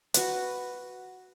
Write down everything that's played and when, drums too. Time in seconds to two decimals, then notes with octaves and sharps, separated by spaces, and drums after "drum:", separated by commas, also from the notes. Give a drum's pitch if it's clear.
0.14 F#4 B4, drum: hi-hat